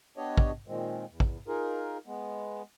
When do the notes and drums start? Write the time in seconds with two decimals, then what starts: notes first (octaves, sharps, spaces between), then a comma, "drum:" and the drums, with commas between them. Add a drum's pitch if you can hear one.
0.17 B3 D4 G4 C#5 D#5
0.37 drum: kick
0.68 A#2 D#3 G#3 C4
1.10 E2
1.20 drum: kick
1.48 D#4 F4 G#4 A#4
2.06 G#3 B3